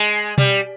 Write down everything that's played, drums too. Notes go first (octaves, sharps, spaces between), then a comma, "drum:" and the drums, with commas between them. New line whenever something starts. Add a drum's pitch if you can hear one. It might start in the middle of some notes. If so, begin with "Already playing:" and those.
Already playing: G#3
G3, drum: tom B2